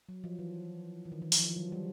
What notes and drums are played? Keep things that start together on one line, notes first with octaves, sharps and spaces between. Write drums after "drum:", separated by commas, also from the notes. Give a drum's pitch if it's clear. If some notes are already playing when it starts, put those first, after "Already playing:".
F#3
F3
E3
E3
D#3
E3
F3, drum: open hi-hat
F3
F#3
G3